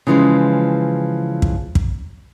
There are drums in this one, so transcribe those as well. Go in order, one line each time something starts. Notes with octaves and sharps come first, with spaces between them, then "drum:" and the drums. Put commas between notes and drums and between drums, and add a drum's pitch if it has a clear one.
C#3 E3 F3 G#3
drum: kick
drum: kick